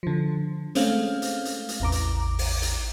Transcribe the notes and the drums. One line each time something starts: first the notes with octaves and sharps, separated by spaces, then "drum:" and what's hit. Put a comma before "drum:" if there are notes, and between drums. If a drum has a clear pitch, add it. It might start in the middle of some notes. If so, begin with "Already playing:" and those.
D3 F3
G#3 A3 C4 C#4 F5 F6, drum: hi-hat
drum: hi-hat
drum: hi-hat
drum: hi-hat
A1 E2 A#5 D6
drum: hi-hat
drum: open hi-hat
drum: hi-hat